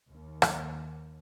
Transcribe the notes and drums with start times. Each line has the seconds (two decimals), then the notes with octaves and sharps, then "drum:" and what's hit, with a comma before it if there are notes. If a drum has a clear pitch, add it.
0.10 D#2
0.42 drum: rim click